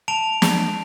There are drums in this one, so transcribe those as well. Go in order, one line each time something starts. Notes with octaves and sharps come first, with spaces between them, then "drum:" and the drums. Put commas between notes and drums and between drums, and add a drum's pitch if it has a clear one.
A5 D7 F7
drum: snare